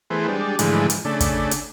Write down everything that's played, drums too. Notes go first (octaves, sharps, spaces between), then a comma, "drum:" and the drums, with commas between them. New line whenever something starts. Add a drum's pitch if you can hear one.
E3 A3 B3 G#4 C5
G3 G#3 D4
G#2 D3 E3 F3 G#3 A3, drum: hi-hat
drum: hi-hat
C#3 A3 D4
drum: kick, hi-hat
drum: hi-hat